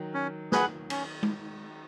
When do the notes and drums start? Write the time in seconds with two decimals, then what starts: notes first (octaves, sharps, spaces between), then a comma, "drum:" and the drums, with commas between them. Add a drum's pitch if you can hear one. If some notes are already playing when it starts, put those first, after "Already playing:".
Already playing: D#3 F#3
0.14 C#4
0.52 G#4 B4 F#5, drum: snare
0.90 C#4, drum: cymbal
1.23 drum: tom G#3